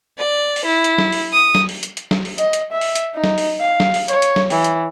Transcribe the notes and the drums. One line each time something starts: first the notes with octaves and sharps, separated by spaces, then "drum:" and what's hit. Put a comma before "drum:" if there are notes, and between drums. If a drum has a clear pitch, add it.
D5
drum: open hi-hat
E4
drum: hi-hat
drum: snare
drum: open hi-hat
D#6
drum: snare
drum: open hi-hat
drum: hi-hat
drum: hi-hat
drum: snare
drum: open hi-hat
D#5, drum: hi-hat
drum: hi-hat
E5
drum: open hi-hat
drum: hi-hat
D#4
drum: snare
drum: open hi-hat
F5
drum: snare
drum: open hi-hat
C#5, drum: hi-hat
drum: hi-hat
drum: snare
E3, drum: open hi-hat
drum: hi-hat